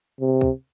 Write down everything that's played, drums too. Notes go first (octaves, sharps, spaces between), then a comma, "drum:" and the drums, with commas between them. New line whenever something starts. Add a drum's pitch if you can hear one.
C3
drum: kick C#2